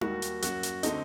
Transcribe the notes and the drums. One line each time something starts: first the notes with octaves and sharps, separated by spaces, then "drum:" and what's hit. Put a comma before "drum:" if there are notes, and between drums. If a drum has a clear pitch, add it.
D#2 D#3 G3 A#3 F#4, drum: tom D#4
drum: hi-hat
F#2 F#3 A#3 F#4, drum: hi-hat
drum: hi-hat
D3 A3 C4 D#4, drum: hi-hat